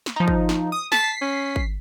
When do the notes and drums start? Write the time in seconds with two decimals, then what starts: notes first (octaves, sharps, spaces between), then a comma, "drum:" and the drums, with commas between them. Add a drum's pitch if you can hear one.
0.06 drum: snare
0.16 F3 D#4
0.28 drum: kick
0.49 drum: snare
0.72 D#6
0.92 A5 B6 C7, drum: snare
1.22 C#4
1.56 drum: kick